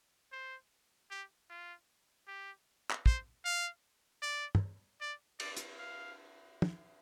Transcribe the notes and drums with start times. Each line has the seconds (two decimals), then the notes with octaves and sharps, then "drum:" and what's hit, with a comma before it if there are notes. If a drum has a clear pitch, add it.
0.32 C5
1.11 G4
1.50 F4
2.27 G4
2.91 drum: clap
3.06 C5, drum: kick
3.45 F5
4.22 D5
4.55 drum: tom
5.01 D5
5.40 D5, drum: cymbal
5.57 drum: hi-hat
5.78 F5
6.62 drum: tom